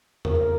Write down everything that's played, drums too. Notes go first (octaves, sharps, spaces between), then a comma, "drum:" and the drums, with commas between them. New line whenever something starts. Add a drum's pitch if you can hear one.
A#4, drum: tom E2
A#4